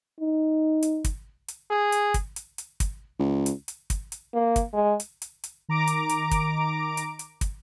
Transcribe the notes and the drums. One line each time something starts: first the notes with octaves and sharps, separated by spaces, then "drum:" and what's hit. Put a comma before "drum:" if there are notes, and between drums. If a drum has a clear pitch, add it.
D#4
drum: hi-hat
drum: kick, hi-hat
drum: hi-hat
G#4
drum: hi-hat
drum: kick, hi-hat
drum: hi-hat
drum: hi-hat
drum: kick, hi-hat
C#2
drum: hi-hat
drum: hi-hat
drum: kick, hi-hat
drum: hi-hat
A#3
drum: kick, hi-hat
G#3
drum: hi-hat
drum: hi-hat
drum: hi-hat
D#3 A#5 D6 D7
drum: hi-hat
drum: hi-hat
drum: kick, hi-hat
drum: hi-hat
drum: hi-hat
drum: kick, hi-hat